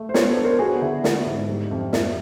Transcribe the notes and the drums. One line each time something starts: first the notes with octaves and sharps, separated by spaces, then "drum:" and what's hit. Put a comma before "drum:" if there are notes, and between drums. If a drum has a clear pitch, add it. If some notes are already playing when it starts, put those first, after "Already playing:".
Already playing: A3
C5
B3 B4 C#5, drum: snare
A4 B4
D4
A#4 C5
B3 F#4 G#4
D3 E4
A3, drum: snare
G#2
G3
F2
G3 E4, drum: snare